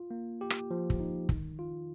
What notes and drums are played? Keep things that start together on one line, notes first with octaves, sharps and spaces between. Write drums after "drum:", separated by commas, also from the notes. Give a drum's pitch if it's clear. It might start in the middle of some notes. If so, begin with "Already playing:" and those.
Already playing: F4
A#3
G4
drum: rim click
F3
drum: kick
D#4
D#3, drum: kick
F4